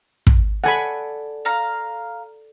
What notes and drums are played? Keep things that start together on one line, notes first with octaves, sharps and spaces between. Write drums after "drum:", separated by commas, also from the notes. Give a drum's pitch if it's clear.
drum: kick
A4 D5 F#5 G#5 B5
F5 A#5